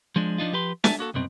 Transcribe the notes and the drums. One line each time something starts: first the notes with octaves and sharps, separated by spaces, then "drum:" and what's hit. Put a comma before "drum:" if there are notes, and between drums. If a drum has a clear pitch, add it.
F3 G#3 D4
F3 D4 D#4 F4
F3 G4 B4 C6
E5 G#5 A5, drum: snare
A#3 F#4 A4
C2 F#2 B2 C4